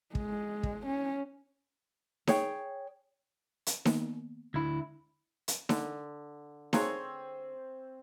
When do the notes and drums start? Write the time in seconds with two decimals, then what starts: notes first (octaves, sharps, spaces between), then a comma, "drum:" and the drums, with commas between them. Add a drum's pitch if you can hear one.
0.15 G#3, drum: kick
0.63 drum: kick
0.86 C#4
2.27 G#4 C#5 G5, drum: snare D#4
3.66 drum: hi-hat
3.85 D#3 A#3 B3, drum: snare D#4
4.54 D2 E4 G#6
5.48 drum: hi-hat
5.69 D3, drum: snare D#4
6.73 C4 G#4 C#5 F5 A#5 F#6, drum: snare D#4